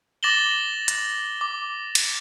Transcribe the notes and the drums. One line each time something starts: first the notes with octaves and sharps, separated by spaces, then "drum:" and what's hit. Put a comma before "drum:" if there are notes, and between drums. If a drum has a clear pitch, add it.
D6 A6 A#6 E7 F#7 G7
drum: hi-hat
D6
drum: cymbal